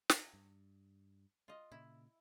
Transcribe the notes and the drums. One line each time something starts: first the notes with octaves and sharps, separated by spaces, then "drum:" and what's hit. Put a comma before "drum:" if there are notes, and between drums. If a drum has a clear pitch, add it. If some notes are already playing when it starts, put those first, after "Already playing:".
drum: snare
G2
F4 D#5
A#2 C#3 E4